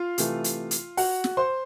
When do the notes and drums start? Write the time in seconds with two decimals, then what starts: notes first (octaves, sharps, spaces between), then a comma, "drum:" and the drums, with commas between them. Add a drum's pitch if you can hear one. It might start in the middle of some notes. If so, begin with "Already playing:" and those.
Already playing: F4 F5
0.18 C3 E3 A3, drum: hi-hat
0.44 drum: hi-hat
0.71 drum: hi-hat
0.97 F#4 F#5, drum: open hi-hat
1.24 drum: snare
1.37 C5 C6